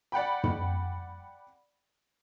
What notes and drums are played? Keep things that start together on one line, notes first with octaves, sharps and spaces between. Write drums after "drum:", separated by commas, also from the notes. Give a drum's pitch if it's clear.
D5 F#5 G5 B5
drum: tom